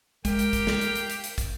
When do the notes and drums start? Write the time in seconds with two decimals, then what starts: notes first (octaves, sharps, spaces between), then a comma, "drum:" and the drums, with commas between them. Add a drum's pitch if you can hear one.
0.25 G#3 G4 A#4 F5 G5, drum: kick, hi-hat
0.39 drum: hi-hat
0.53 drum: kick, hi-hat
0.67 drum: snare
0.81 drum: hi-hat
0.95 drum: hi-hat
1.10 drum: hi-hat
1.24 drum: hi-hat
1.38 drum: kick, hi-hat